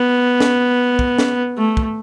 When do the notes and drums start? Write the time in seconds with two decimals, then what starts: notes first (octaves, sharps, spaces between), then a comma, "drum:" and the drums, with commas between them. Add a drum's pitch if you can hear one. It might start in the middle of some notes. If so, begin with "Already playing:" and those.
Already playing: B3
0.40 drum: snare
0.99 drum: kick
1.18 drum: snare
1.58 A3
1.77 drum: kick